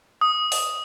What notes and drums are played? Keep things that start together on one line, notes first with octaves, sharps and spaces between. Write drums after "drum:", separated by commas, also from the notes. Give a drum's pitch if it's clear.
D#6
drum: open hi-hat